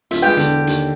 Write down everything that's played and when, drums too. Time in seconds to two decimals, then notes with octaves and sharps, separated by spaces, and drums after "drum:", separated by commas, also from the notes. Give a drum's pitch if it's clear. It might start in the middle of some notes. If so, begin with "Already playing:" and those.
0.11 D1 F4 E5, drum: hi-hat
0.22 G#3 F4 G4 B4 G5
0.37 E1 D3, drum: hi-hat
0.67 D#2, drum: hi-hat